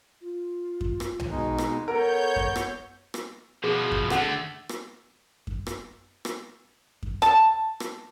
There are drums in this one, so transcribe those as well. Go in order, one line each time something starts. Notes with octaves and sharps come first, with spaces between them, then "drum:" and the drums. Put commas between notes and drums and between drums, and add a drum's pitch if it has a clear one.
F4
drum: kick F#2
drum: rim click
drum: tom B1
B2 G#3 B3 D#4
drum: rim click
B3 A4 A#4 C#5 G6
drum: kick F#2
drum: rim click
drum: rim click
B2 F3 G#4
drum: kick F#2
D3 A3 A4 F#5 D6, drum: rim click
drum: rim click
drum: kick F#2
drum: rim click
drum: rim click
drum: kick F#2
A5, drum: rim click
drum: rim click